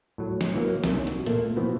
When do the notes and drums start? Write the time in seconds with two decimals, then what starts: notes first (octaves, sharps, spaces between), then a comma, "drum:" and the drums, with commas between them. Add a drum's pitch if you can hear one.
0.18 A2 F#3
0.41 drum: snare
0.54 E3 F#3 A#3
0.84 C2 C3 D#3 C#4 E5, drum: snare
1.07 F#4, drum: hi-hat
1.26 A#2 A3 A#3, drum: hi-hat
1.56 B2 E3 F3 B3 C4